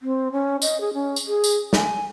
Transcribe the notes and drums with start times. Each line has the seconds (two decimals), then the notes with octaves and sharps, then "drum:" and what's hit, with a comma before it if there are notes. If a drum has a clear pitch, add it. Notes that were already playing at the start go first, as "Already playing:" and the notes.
0.01 C4
0.32 C#4
0.62 D#5, drum: tambourine
0.81 G#4
0.94 C#4
1.16 drum: tambourine
1.27 G#4
1.44 drum: tambourine
1.73 G#5, drum: snare